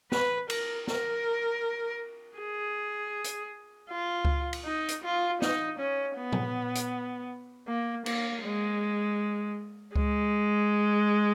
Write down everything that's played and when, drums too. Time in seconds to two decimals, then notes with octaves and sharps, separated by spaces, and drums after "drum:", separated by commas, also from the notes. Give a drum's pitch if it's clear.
0.12 B4, drum: snare
0.50 A#4, drum: cymbal
0.87 A#4, drum: snare
2.39 G#4
3.24 drum: hi-hat
3.90 F4
4.25 drum: kick C#2
4.53 drum: cymbal
4.66 D#4
4.88 drum: hi-hat
5.04 F4
5.42 D#4, drum: snare
5.79 C#4
6.17 B3
6.32 drum: tom A#2
6.75 drum: hi-hat
7.68 A#3
8.06 A#3, drum: cymbal
8.44 G#3
9.96 G#3, drum: kick C#2